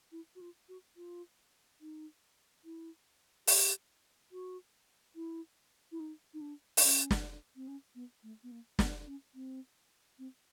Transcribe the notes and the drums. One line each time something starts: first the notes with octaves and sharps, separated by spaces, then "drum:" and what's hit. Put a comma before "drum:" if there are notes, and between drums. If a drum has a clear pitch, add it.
E4
F#4
F4
F#4
F4
D#4
E4
G4, drum: open hi-hat
F#4
E4
E4
D#4
D#4
D4
D4, drum: open hi-hat
C#4
drum: snare
C4
C#4
B3
A3
B3
A#3
B3, drum: snare
C#4
C4
C4